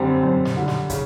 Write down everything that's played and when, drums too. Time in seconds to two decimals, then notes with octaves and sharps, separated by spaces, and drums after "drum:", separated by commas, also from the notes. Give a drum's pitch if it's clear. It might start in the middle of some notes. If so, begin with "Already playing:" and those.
Already playing: F#2 D3 G3 C4
0.23 F#2
0.45 drum: snare
0.56 D3 G3
0.68 drum: snare
0.90 C#3, drum: kick, hi-hat